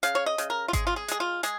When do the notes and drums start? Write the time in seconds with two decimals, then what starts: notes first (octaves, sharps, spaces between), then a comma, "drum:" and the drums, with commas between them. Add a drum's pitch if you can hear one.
0.03 C#3 F5, drum: hi-hat
0.15 C#5
0.26 D#5
0.38 C#3, drum: hi-hat
0.50 A#4
0.68 F4
0.73 G#3 G#4, drum: kick G#1, hi-hat
0.87 F4
0.96 G#4
1.08 G#3 G#4, drum: hi-hat
1.20 F4
1.43 G#3 G#4, drum: hi-hat